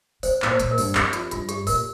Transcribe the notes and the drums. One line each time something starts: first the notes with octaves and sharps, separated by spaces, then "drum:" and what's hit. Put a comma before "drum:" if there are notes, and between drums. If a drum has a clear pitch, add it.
C3 C5, drum: open hi-hat
A#2, drum: clap
C5
A#2, drum: hi-hat
A#4
G2, drum: open hi-hat
F2 G4, drum: clap
F4, drum: hi-hat
G2 F4, drum: hi-hat
G4, drum: hi-hat
A#2 A#4, drum: open hi-hat